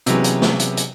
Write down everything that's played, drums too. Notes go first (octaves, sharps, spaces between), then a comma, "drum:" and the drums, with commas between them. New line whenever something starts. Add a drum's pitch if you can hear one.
C3 E3 F#3 G#3 B3 C#4, drum: hi-hat
drum: hi-hat
drum: snare
drum: hi-hat
drum: hi-hat